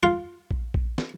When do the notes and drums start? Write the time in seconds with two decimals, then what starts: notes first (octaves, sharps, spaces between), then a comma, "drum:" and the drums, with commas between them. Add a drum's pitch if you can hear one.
0.03 F4
0.51 drum: kick A#1
0.74 drum: kick A#1
0.98 drum: snare